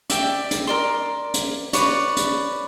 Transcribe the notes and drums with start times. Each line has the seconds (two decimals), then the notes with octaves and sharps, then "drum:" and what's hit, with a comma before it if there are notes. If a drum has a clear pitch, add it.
0.10 D5 E5 G5, drum: hi-hat
0.51 drum: hi-hat
0.67 A#4 D5 C6
1.34 drum: hi-hat
1.73 B4 C#5 D5, drum: hi-hat
2.17 drum: hi-hat